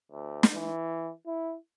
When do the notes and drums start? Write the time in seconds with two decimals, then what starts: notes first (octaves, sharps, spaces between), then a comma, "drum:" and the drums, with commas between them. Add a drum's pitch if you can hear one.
0.12 D2
0.43 drum: snare
0.54 E3
1.27 E4